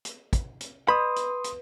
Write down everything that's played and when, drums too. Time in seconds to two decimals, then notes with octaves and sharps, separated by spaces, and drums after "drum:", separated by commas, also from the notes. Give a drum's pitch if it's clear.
0.05 drum: hi-hat
0.33 drum: kick, hi-hat
0.61 drum: hi-hat
0.88 B4 B5 C6 D#6
1.16 drum: hi-hat
1.44 drum: hi-hat